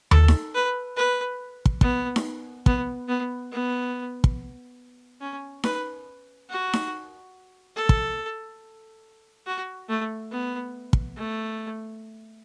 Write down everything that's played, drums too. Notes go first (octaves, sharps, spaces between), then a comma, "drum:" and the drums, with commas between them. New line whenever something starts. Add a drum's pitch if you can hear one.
A4, drum: tom D#2
drum: snare D#4
B4
B4
drum: kick
B3, drum: kick
drum: snare D#4
B3, drum: kick
B3
B3
drum: kick
C#4
B4, drum: snare D#4
F#4
drum: snare D#4
A4
drum: kick
F#4
A3
B3
drum: kick
A3